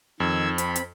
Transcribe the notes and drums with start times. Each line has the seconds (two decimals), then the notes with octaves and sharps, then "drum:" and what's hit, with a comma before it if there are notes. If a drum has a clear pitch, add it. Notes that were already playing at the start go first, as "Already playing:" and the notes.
0.20 F2 D#3 E6 G#6
0.58 C4 B5, drum: hi-hat
0.76 drum: hi-hat